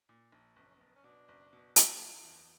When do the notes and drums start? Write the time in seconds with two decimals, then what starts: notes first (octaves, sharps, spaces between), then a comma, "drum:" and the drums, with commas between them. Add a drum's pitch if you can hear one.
0.09 A#2
0.32 A#1
0.56 F#1 B3
0.66 C#4
0.75 B3
0.80 F#1
0.96 C#4
1.04 B2 D4
1.28 F#1
1.53 B2
1.76 F#1, drum: hi-hat
2.00 F#1 E4
2.24 E2